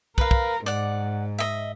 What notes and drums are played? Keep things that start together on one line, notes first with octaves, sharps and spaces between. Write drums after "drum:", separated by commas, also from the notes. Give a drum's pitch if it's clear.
A#4 B4 F5, drum: kick
drum: kick
G#2 D5 F#5
D#5 E5